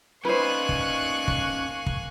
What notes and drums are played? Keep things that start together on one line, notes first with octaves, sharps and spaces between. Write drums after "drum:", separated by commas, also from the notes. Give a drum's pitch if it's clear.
A#3 C#4 D#4 B4 C5 G#5 C#6 F#6
drum: kick
drum: kick
drum: kick